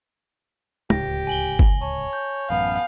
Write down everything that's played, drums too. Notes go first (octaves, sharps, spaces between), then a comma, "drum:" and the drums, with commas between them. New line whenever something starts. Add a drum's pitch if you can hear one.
D1 C#2 G4 A#6, drum: tom
G#5 F#7 G7
drum: kick G1
C#5 A5
G6
A1 F#2 B3 F5